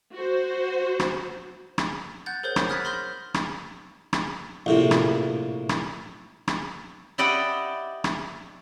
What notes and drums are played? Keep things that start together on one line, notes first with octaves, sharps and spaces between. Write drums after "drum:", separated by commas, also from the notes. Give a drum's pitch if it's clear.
F#4 C5
drum: rim click
drum: rim click
F#5 F#6 G6 A6
G#4 A#4 C5 C#5 G6
drum: rim click
D#6 F6 F#6 G#6 A6 B6
B5 C6 F6 G6 A#6
drum: rim click
drum: rim click
A#1 A2 C3
drum: rim click
drum: rim click
drum: rim click
E4 G4 D5 D#5 F#5 G5
drum: rim click